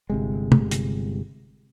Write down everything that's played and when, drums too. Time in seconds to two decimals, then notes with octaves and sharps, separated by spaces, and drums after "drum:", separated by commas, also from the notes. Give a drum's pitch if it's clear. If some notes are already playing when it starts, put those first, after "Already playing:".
0.10 G1 C3 G#3
0.52 drum: tom
0.71 drum: hi-hat